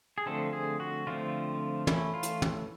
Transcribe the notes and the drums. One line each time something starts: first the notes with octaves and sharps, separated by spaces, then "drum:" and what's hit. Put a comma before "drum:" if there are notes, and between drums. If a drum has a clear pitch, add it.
G#4
D3 F3 A3 C4 A4
G#4
F#4
D3 F3 A3 C4 F4
E3 A3 C#4 E4, drum: tom
F4
drum: hi-hat
drum: tom